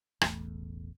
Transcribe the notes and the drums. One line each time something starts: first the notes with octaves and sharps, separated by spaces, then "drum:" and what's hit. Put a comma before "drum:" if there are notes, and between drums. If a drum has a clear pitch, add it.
E1 A1 E2 A3, drum: rim click